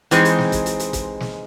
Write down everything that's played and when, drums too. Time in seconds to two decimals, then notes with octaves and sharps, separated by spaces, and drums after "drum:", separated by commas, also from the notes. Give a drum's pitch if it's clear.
0.11 E3 G#3 C4 D#4, drum: hi-hat
0.25 drum: hi-hat
0.39 drum: snare
0.52 drum: kick, hi-hat
0.66 drum: hi-hat
0.79 drum: hi-hat
0.93 drum: kick, hi-hat
1.20 drum: snare